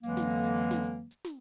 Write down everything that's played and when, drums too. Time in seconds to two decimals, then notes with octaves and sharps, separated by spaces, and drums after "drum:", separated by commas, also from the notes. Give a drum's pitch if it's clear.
0.03 F2 D3 E3 F#3 G#3 A#3, drum: hi-hat
0.17 drum: snare
0.30 drum: hi-hat
0.44 drum: hi-hat
0.57 drum: hi-hat
0.71 drum: snare
0.84 drum: hi-hat
1.11 drum: hi-hat
1.25 drum: snare